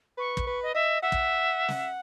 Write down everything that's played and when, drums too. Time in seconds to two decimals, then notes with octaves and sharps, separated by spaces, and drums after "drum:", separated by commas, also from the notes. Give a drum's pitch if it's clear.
0.18 B4 C#6
0.37 drum: kick
0.47 B4
0.62 D#5
0.75 D#5 E5
1.02 E5 F#5
1.12 drum: kick
1.68 drum: snare